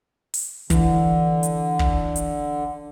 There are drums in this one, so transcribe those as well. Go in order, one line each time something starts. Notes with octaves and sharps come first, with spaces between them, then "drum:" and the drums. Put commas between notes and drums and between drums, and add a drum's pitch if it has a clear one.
drum: open hi-hat
D3 E3, drum: kick, hi-hat
drum: hi-hat
drum: kick
drum: hi-hat